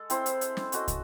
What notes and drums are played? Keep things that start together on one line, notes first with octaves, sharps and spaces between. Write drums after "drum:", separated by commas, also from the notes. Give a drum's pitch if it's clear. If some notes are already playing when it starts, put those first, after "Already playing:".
Already playing: G#3 A4
C4 E4 C5, drum: hi-hat
drum: hi-hat
drum: hi-hat
drum: snare
C#4 F#4 A4 D#5, drum: hi-hat
drum: kick, hi-hat